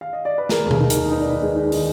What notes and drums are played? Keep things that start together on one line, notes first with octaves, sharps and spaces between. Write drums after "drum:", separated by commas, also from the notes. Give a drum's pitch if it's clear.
F5
D#5
D5
B4
G#3 A#4, drum: snare
D#2
G#4, drum: tom B2
D#4
A#4, drum: hi-hat
D#3
D#4 B4
D5
D#4 B4
G#3
D#4
D#3, drum: open hi-hat